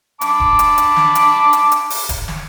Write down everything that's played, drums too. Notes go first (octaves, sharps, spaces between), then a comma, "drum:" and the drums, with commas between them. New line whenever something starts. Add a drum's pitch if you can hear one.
A5 B5 D6, drum: hi-hat
drum: kick D#1
drum: hi-hat
drum: hi-hat
drum: snare
drum: hi-hat
drum: hi-hat
drum: hi-hat
drum: open hi-hat
drum: kick D#1, hi-hat
drum: snare